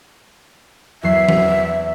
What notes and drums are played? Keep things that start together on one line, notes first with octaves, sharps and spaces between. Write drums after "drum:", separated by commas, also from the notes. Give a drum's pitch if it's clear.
E2 F#3 E5 C7
drum: tom E3